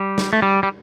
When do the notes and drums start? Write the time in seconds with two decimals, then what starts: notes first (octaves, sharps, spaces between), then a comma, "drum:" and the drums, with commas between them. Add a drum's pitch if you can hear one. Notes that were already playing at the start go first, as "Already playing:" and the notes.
Already playing: G3
0.18 drum: snare
0.33 A3
0.42 G3
0.63 G3